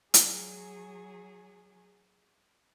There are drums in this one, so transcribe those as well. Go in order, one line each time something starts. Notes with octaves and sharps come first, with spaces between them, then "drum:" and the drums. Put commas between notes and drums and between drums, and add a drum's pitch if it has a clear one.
F#3 G#4, drum: hi-hat